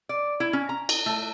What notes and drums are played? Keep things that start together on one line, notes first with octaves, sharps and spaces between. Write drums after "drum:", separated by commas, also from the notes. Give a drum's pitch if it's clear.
D5
E4
C#4
A#5
drum: cymbal
A3